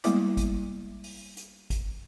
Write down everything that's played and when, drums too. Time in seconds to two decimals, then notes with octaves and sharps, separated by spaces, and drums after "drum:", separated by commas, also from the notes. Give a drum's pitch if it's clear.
0.04 G3 G#3 A#3 B3 E4 D6, drum: hi-hat
0.37 drum: kick G#1, hi-hat
1.04 drum: open hi-hat
1.37 drum: hi-hat
1.70 drum: kick G#1, hi-hat